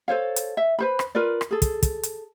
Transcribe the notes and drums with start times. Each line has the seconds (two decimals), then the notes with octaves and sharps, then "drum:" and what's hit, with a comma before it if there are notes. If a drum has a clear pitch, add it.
0.08 A4 C5 C#5 F5
0.36 drum: hi-hat
0.57 E5
0.79 B4 C5 B5
0.99 drum: rim click
1.15 F4 A#4 B4 D5
1.41 drum: rim click
1.51 G#4 A4
1.62 drum: kick, hi-hat
1.83 drum: kick, hi-hat
2.03 drum: hi-hat